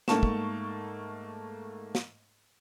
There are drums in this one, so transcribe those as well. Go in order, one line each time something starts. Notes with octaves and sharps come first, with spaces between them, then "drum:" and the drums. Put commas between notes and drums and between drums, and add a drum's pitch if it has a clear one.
G#2 A3 A#3 A5 C#6 E7, drum: snare
drum: kick
drum: snare